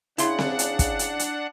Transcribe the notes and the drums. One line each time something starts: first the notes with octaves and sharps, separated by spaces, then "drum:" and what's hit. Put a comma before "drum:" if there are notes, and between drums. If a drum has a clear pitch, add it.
C#3 D4 E4 F#5 C6, drum: hi-hat
drum: snare C4
drum: hi-hat
drum: kick, hi-hat
drum: hi-hat
drum: hi-hat